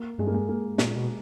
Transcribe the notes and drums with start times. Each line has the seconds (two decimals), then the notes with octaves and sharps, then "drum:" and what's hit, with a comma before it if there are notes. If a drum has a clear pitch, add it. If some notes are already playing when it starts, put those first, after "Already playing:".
Already playing: A#3
0.18 G2 G#3
0.27 A#3
0.34 G#3
0.49 A#3
0.78 A#2, drum: snare
0.96 B2